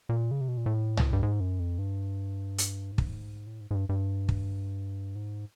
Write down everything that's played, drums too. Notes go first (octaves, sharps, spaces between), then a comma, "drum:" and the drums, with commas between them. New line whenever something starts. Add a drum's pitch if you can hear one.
A#2
C#3
C3
B2
A#2
A2
drum: tom
G2
G#2
F#2
F2
G2
drum: hi-hat
G#2
G2, drum: kick
G#2
A2
G#2
G#2
G2
G2
drum: kick
G#2